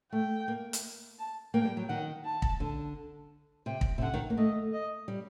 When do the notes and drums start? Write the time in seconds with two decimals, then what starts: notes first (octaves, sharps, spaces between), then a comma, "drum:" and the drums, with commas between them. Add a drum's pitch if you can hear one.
0.11 A3 G5
0.48 A#3
0.73 drum: hi-hat
1.19 A5
1.54 A#3 G5
1.65 G3
1.77 F#3
1.89 D#3 F#5
2.25 A5
2.42 drum: kick
2.60 D3
3.66 C3 G5
3.81 drum: kick
3.98 C3
4.01 D3 F#5
4.14 D#3
4.30 A#3
4.37 A3 D#5
4.73 D#5
5.08 G3